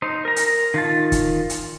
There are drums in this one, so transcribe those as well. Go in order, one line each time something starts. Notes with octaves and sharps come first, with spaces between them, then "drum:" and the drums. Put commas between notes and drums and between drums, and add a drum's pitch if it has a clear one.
D#4 C5
A#4 A#5
drum: hi-hat
D#3 F4 A5
drum: kick, hi-hat
drum: hi-hat